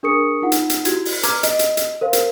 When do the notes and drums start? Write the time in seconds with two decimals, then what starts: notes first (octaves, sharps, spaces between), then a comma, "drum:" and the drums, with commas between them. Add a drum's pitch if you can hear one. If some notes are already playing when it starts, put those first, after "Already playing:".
0.03 D4 G#4 A#4 C#6 D#6 C#7
0.42 D#4 F4 F#5
0.52 drum: hi-hat
0.70 drum: hi-hat
0.85 E4 F#4 G4 G#6, drum: hi-hat
1.05 drum: open hi-hat
1.23 B4 A#5 D6 F6 G#6, drum: hi-hat
1.43 D#5, drum: hi-hat
1.59 drum: hi-hat
1.77 drum: hi-hat
2.01 A#4 C5 F5
2.13 drum: hi-hat